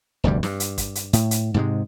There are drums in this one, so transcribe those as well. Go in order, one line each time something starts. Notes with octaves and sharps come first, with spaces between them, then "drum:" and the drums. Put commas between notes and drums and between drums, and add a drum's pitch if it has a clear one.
F1 D2 G2 G3
G2, drum: snare
drum: hi-hat
drum: kick, hi-hat
drum: hi-hat
A2, drum: hi-hat
drum: hi-hat
G#2 C3 G#3